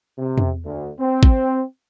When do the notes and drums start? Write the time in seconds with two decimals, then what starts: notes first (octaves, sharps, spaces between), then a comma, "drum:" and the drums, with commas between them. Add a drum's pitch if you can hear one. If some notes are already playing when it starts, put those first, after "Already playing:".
0.18 C3
0.38 drum: tom
0.65 D2
0.99 C4
1.23 drum: kick